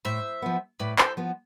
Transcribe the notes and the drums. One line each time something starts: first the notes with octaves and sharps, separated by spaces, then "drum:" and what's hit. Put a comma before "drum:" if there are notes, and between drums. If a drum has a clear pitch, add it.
A2 C5 E5
F3 B3
A2 B4 D5
A4 C5, drum: clap
F3 B3